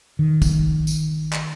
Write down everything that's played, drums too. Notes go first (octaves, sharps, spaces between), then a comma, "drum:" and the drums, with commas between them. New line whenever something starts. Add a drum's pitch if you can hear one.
D#3
drum: kick, tambourine
drum: tambourine
drum: clap